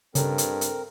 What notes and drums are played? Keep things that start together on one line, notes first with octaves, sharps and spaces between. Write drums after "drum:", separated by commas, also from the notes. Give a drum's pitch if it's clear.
G2 C#3 C4 A4 A#4, drum: hi-hat
drum: hi-hat
drum: hi-hat